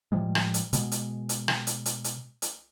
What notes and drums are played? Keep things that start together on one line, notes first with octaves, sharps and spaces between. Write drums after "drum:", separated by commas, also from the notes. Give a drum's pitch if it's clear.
A2 F3 G3 G#3
drum: rim click
drum: hi-hat
B2 G#3, drum: hi-hat
drum: hi-hat
drum: hi-hat
drum: rim click
drum: hi-hat
drum: hi-hat
drum: hi-hat
drum: hi-hat